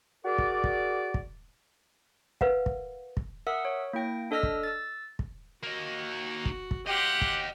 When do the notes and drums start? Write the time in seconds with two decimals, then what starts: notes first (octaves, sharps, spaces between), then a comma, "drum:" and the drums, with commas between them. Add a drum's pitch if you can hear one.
0.25 F#4 G#4 A#4 D5
0.38 drum: kick
0.64 drum: kick
1.14 drum: kick
2.41 A#4 B4 F5 F#5, drum: kick
2.66 drum: kick
3.17 drum: kick
3.47 A#4 E5 F#5 D#6 E6
3.65 C#5
3.93 A#3 E4 G5 A#6
4.31 D4 A4 D#5 E6 F6 A#6
4.43 drum: kick
4.63 E6 A6
5.19 drum: kick
5.63 A#3 D#4 F#4
6.46 drum: kick
6.71 drum: kick
6.86 G4 D#5 F5 F#5 C6
7.21 drum: kick